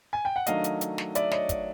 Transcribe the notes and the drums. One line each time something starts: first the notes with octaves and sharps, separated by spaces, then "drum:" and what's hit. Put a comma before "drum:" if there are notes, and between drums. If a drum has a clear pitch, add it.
G#5
G5
F#5
D#3 F#3 A3 D4 D#5 F5, drum: hi-hat
drum: hi-hat
drum: hi-hat
drum: snare
D5 E5, drum: hi-hat
C#5 D#5, drum: snare
drum: kick, hi-hat